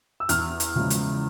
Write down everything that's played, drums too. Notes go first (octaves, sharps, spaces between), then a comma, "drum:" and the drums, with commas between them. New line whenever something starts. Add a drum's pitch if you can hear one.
E6
E2 F6, drum: hi-hat
drum: hi-hat
C#3 F3 G#3
drum: hi-hat